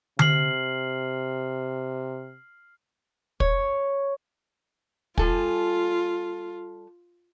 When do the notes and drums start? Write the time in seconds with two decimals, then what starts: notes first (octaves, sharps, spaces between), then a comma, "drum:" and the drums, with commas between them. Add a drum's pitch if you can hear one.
0.19 C3 F6 C7 F#7, drum: tom D3
3.40 C#5, drum: kick
5.18 G3 F4 A4 G#5, drum: kick